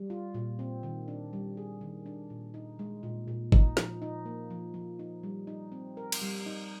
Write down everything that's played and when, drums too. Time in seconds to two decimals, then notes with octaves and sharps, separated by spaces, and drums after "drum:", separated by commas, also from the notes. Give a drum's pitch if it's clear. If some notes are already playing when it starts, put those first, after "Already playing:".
Already playing: G3
0.10 F4
0.34 A#2
0.59 C4
0.83 D#3
1.08 D4
1.33 G3
1.57 G#4
1.81 D#3
2.06 D4
2.30 A#2
2.54 D#4
2.79 G#3
3.03 A#2
3.28 A#2
3.52 D#4, drum: kick G#1
3.77 F3, drum: snare
4.02 D#4
4.25 A#3
4.51 F3
4.74 F3
4.99 D#4
5.23 G3
5.47 D#4
5.72 C4
5.97 A#4
6.12 drum: cymbal
6.22 G3
6.46 D#4